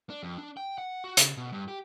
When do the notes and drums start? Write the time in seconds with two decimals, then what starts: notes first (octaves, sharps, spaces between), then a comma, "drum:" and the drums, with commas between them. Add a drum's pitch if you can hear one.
0.10 D4
0.23 F2
0.38 D4
0.57 G5
0.78 F#5
1.04 F#4
1.17 C#3, drum: hi-hat
1.37 B2
1.52 G2
1.68 G4